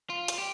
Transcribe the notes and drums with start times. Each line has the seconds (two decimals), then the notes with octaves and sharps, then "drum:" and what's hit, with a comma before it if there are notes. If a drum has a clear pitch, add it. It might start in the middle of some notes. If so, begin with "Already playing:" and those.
0.10 F4
0.28 drum: hi-hat
0.38 G4